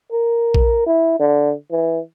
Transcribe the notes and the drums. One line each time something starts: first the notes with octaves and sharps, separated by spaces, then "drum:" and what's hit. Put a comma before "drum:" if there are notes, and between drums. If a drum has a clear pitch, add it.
A#4
drum: kick A#1
E4
D3
E3